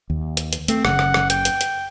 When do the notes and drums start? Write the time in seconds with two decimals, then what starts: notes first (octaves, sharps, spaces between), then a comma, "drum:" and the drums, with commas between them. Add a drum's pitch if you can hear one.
0.10 D#2
0.37 drum: hi-hat
0.53 drum: hi-hat
0.68 A3 C4, drum: hi-hat
0.85 F#1 C#3 F#5, drum: rim click
0.99 drum: rim click
1.14 drum: rim click
1.30 G5, drum: hi-hat
1.45 drum: hi-hat
1.61 drum: hi-hat